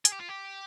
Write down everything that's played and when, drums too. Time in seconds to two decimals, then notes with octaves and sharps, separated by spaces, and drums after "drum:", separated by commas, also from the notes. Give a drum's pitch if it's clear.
0.05 G#4, drum: hi-hat
0.12 G4
0.20 F4
0.28 G4